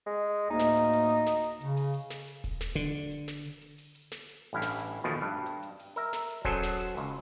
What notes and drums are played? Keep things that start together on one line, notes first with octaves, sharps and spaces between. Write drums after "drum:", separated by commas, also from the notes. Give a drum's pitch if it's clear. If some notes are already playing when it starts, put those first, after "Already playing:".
G#3
D2 A2 A#3 D#4
drum: snare
drum: hi-hat
drum: open hi-hat
drum: hi-hat
drum: snare
drum: hi-hat
C#3, drum: hi-hat
drum: open hi-hat
drum: hi-hat
drum: snare
drum: hi-hat
drum: kick D#1, open hi-hat
drum: snare
D3, drum: hi-hat
drum: hi-hat
drum: snare
drum: hi-hat
drum: hi-hat
drum: open hi-hat
drum: hi-hat
drum: snare
drum: hi-hat
A1 G2 E4 F5
drum: snare
drum: hi-hat
D#2 B2 D#3 F3 A3
G2
drum: hi-hat
drum: hi-hat
drum: open hi-hat
A#4 E5 A#5, drum: hi-hat
drum: snare
drum: hi-hat
F#3 C#4 G#4 A4 C5 G#5, drum: kick D#1, open hi-hat
drum: snare
drum: hi-hat
C#2, drum: open hi-hat